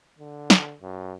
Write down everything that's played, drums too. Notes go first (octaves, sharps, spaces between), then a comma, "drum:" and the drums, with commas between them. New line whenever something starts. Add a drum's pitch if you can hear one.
D3
drum: snare
F#2